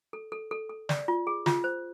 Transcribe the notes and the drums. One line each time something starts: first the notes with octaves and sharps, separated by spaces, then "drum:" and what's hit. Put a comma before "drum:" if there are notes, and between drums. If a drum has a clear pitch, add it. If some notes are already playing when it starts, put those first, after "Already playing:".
A4
A4
A4
A4
D5, drum: snare
F4
G#4
F4, drum: snare
C5